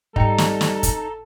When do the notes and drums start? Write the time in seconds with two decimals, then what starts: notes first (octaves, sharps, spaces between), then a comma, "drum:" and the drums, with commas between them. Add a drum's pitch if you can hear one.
0.16 G#2 G3 D#4 A4 G5 C#7, drum: kick
0.38 drum: snare
0.61 drum: snare
0.83 drum: kick, hi-hat